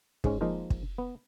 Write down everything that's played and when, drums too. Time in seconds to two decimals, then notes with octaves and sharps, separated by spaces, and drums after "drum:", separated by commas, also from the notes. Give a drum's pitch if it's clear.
0.24 G#2 G#3 C#4, drum: kick
0.41 F3 G#3 A#3 D#4 A#4 C5
0.70 drum: kick
0.98 B3